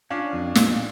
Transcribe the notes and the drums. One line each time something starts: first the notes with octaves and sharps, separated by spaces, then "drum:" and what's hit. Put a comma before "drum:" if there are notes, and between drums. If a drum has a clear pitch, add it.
C#4 D4 F4
F2
A#2, drum: snare